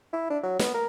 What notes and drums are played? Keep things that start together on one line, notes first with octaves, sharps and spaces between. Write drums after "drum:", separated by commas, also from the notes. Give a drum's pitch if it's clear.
E4
D4
F#3
B3, drum: snare
A#4